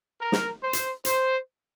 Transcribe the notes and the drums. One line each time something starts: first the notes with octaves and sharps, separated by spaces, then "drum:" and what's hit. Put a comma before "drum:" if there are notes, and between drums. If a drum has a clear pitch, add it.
A#4
drum: snare
C5
drum: hi-hat
C5, drum: hi-hat